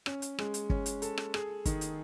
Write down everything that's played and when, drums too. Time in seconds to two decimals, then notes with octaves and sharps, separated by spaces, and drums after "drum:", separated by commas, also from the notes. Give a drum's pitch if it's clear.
0.06 C#4, drum: rim click
0.22 drum: hi-hat
0.39 G#3, drum: rim click
0.54 drum: hi-hat
0.70 C#4, drum: kick
0.86 drum: hi-hat
1.02 A4, drum: hi-hat
1.18 drum: rim click
1.34 G#4, drum: rim click
1.65 D#3, drum: kick, hi-hat
1.81 drum: hi-hat